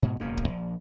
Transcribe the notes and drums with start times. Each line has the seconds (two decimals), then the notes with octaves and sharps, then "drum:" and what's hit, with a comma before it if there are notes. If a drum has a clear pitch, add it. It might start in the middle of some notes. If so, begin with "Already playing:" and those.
0.02 G#2 B2
0.20 E1 F#2 C#3 A#3
0.37 drum: kick
0.48 A#1